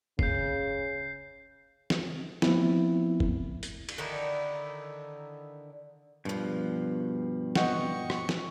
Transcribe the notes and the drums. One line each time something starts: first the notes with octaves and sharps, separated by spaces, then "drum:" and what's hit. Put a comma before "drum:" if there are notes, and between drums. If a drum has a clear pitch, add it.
C#3 G6 C7, drum: kick
drum: snare
F3 A3 B3 C4 E4, drum: snare
drum: kick
drum: hi-hat
drum: cymbal
D3 D#3 D#4 E4
G2 B2 F3
D#5 F#5 G5 C#6, drum: snare
drum: rim click
drum: snare